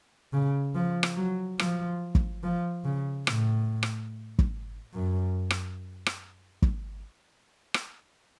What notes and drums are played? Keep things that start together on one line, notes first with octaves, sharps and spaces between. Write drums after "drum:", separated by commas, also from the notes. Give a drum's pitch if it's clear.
C#3
F3
drum: rim click
F#3
F3, drum: rim click
drum: kick
F3
C#3
A2, drum: rim click
drum: rim click
drum: kick
F#2
drum: rim click
drum: rim click
drum: kick
drum: rim click